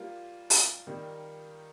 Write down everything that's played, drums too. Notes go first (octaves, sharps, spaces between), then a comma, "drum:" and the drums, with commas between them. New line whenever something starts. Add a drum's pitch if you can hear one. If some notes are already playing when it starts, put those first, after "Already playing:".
Already playing: G3 A#3 F4
drum: open hi-hat
D#3 G3 A#3